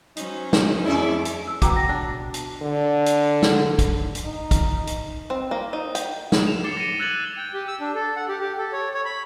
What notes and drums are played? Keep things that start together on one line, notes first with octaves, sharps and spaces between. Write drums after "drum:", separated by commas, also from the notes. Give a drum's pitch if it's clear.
F#3 C#4 D#4 C5, drum: hi-hat
drum: snare
F2 A3 C#4 E4 G#4 E5 D6
drum: hi-hat
E6
B2 G5 A#5 D6, drum: kick, hi-hat
A#6
D4
drum: hi-hat
D3
drum: hi-hat
drum: snare
drum: kick, hi-hat
drum: hi-hat
D#4
drum: kick, hi-hat
drum: hi-hat
C4
A#3
D#4
G5, drum: hi-hat
drum: snare
E7 F7
D6 A6 C7 C#7 E7 G7
A#6 C#7 D#7
E6 F#6 G#6 A6 D#7 F#7
G7
G5
G4
E6
D4
A4
F#5
G4
G4
A4
C#5
C#5
B5